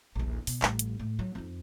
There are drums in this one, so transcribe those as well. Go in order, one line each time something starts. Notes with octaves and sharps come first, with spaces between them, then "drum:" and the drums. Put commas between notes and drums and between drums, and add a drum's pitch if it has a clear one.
D#1 A#1
B2, drum: open hi-hat
A1 G3, drum: clap
drum: hi-hat
A2
F#3
F2 D#4